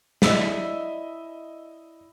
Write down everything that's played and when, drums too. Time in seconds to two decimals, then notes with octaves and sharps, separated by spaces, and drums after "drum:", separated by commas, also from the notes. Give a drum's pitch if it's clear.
0.22 D4 E4 D#5 E6 B6, drum: snare